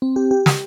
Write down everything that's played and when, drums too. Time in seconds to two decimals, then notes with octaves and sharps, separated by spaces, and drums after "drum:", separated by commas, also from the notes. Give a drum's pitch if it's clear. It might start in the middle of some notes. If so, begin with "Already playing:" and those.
0.02 C4
0.16 G4
0.31 G4
0.46 G4, drum: snare